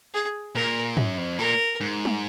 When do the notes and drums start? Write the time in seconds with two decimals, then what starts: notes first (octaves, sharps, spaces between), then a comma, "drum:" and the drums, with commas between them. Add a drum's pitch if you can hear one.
0.14 G#4
0.55 A#2 A#4
0.97 F#2, drum: tom
1.18 F2
1.39 A#2 A#4
1.81 G#2
2.05 drum: tom